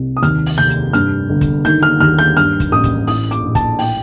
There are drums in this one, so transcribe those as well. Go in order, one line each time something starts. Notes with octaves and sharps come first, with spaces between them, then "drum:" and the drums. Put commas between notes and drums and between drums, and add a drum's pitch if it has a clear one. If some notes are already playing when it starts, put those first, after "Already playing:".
Already playing: C2
D#6
D#2 F6, drum: hi-hat
drum: open hi-hat
F1 G6
drum: hi-hat
G2 F6, drum: hi-hat
G1
drum: kick, hi-hat
D#3 G6, drum: hi-hat
F6
D#2 F6
G6
G2 F6, drum: hi-hat
drum: kick, hi-hat
A1 D#6
drum: kick, hi-hat
A2 D#6, drum: open hi-hat
D6, drum: hi-hat
A#1
A5, drum: kick, hi-hat
A2 G5, drum: open hi-hat